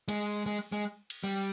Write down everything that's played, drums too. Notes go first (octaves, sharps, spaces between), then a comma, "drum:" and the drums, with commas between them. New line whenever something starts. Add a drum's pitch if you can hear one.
G#3, drum: cymbal
G#3
G#3
drum: cymbal
G3